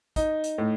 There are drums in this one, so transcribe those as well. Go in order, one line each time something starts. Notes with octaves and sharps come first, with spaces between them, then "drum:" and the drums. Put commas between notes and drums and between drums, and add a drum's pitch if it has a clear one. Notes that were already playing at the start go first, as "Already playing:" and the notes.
D#4, drum: kick, hi-hat
drum: hi-hat
A2